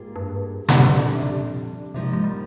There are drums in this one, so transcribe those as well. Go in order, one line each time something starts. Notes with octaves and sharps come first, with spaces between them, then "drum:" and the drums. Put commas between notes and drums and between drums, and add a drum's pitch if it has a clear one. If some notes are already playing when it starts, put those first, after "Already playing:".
Already playing: G#2 G3 A#3 F4 G#4
G2
G#2, drum: snare
F2 A#2 D3 G3 D4
A#2
C3
C3
A#2
G#2 C3 F3 A#3 D#4 G4
G#3
G3